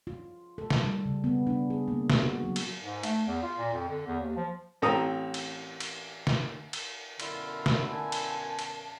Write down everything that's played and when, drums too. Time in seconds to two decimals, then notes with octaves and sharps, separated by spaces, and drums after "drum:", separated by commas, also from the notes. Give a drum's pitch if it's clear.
0.07 F4
0.58 A4
0.70 drum: snare
0.81 G3
1.06 C#3
1.24 B3
1.47 D4
1.70 G#4
1.88 A#3
2.10 drum: snare
2.23 F#4
2.44 F#3
2.56 drum: cymbal
2.83 G#2
3.03 A3, drum: cymbal
3.27 E2
3.43 F4
3.58 A#2
3.73 F2
3.88 D3
4.07 E2
4.20 D#2
4.36 F3
4.82 A1 C4 A4 A#5 D#6
5.34 drum: cymbal
5.80 drum: cymbal
6.27 drum: snare
6.73 drum: cymbal
7.20 F#2 B2 D3 E4 F4, drum: cymbal
7.66 drum: snare
7.92 G#5 A5
8.12 drum: cymbal
8.59 drum: cymbal